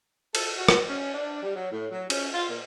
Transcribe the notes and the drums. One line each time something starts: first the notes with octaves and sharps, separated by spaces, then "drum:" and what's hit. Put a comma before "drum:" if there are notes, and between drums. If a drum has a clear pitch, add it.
A4, drum: cymbal
F#4
drum: rim click
C#4
D4
G3
F#3
A2
F#3
C#4, drum: cymbal
F4
A#2